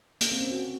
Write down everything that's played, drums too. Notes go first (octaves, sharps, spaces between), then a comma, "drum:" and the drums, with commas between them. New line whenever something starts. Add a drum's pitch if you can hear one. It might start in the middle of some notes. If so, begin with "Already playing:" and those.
A#3, drum: hi-hat
C4
C#4
F#4